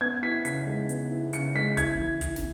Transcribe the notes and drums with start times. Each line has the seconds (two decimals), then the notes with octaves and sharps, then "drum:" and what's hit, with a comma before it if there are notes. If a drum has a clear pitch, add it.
0.01 B3 G#6
0.22 E4 B6
0.45 C#3 B6, drum: hi-hat
0.67 G#3
0.89 B3, drum: hi-hat
1.11 E4
1.33 C#3 C#7, drum: hi-hat
1.55 G#3 B6
1.77 E4 G#6, drum: kick, hi-hat
1.99 E3
2.21 E3, drum: kick, hi-hat
2.36 drum: snare